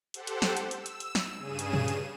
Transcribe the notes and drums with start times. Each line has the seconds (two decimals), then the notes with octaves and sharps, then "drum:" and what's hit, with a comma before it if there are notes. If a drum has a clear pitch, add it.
0.14 G4 A4 C5 F#5, drum: hi-hat
0.27 drum: hi-hat
0.42 drum: snare
0.57 drum: hi-hat
0.71 E6, drum: hi-hat
0.86 drum: hi-hat
1.00 drum: hi-hat
1.15 drum: snare
1.38 G2 C#3 G#4 D#7 E7
1.59 drum: hi-hat
1.73 drum: tom A#2
1.88 drum: hi-hat